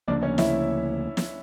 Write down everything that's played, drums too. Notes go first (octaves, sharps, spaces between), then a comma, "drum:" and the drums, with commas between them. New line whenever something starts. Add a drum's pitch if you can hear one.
D2 C#3 F3 A#3 D4 D5
C#4 C#5
E4 E5, drum: snare
drum: snare